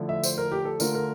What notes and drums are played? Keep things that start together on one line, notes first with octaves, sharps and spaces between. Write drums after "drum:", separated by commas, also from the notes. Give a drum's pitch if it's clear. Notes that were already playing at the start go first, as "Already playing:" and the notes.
Already playing: D3 F3 A3 E4
E5
C5, drum: tambourine
A#4
G4
A4
D3 A3 D4 F4 A#4, drum: tambourine
A#4